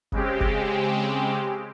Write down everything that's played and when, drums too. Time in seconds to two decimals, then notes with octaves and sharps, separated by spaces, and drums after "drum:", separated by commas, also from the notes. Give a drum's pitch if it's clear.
0.12 C#3 G#3 C4 G4, drum: kick
0.41 drum: kick